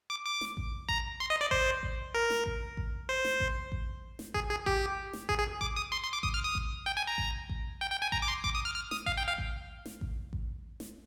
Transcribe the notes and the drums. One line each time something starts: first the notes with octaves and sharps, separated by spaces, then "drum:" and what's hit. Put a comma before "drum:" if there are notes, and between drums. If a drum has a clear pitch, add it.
D6
D6
drum: snare
drum: kick A1
A#5, drum: kick A1
C6
D#5
D5
C5, drum: kick A1
drum: kick A1
A#4
drum: snare
drum: kick A1
drum: kick A1
C5
drum: snare
drum: kick A1
drum: kick A1
drum: snare
G#4, drum: kick A1
G#4
G4, drum: kick A1
drum: snare
G#4, drum: kick A1
G#4
D6, drum: kick A1
D#6
C6
C6
D6
D#6, drum: kick A1
F6
D#6
drum: kick A1
G5
G#5
A#5
drum: kick A1
drum: kick A1
G5
G5
G#5
A#5, drum: kick A1
D6
C6
D6, drum: kick A1
D#6
F6
F6
D#6, drum: snare
F5, drum: kick A1
G5
F5
drum: kick A1
drum: snare
drum: kick A1
drum: kick A1
drum: snare